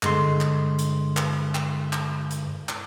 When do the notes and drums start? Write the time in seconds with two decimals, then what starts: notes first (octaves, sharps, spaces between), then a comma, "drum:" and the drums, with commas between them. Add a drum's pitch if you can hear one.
0.03 G2 D3 G#3 C6, drum: clap
0.41 drum: clap
0.79 drum: hi-hat
1.17 drum: clap
1.55 drum: clap
1.93 drum: clap
2.31 drum: hi-hat
2.69 drum: clap